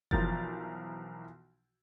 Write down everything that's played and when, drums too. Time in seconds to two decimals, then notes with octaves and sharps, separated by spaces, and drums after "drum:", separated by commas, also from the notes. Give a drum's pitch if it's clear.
0.11 B1 E3 F3 A#4 G6 A6, drum: kick F#1